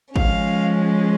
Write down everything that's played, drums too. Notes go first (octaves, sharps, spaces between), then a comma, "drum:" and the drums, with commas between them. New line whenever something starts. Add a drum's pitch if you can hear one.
F3 G#3 C#4 F5, drum: kick